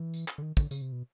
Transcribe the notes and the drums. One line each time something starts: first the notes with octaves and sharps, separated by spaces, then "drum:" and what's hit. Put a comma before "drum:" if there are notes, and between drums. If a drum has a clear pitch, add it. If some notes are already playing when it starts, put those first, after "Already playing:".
Already playing: E3
drum: tambourine
drum: clap
D3
D#3
D3, drum: kick, tambourine
C#3, drum: tambourine
C3
B2